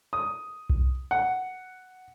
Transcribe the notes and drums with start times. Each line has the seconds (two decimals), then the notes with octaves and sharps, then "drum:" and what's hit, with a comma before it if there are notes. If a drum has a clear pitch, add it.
0.13 D#6
0.70 drum: kick B1
1.11 F#5